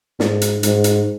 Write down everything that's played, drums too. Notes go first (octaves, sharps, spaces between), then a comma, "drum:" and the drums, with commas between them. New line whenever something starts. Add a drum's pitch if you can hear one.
G#2, drum: snare
drum: hi-hat
G#2, drum: hi-hat
drum: hi-hat